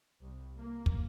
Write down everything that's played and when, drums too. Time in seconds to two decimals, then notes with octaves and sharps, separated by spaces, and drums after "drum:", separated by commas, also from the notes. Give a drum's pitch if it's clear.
0.21 C2
0.57 A#3
0.86 drum: kick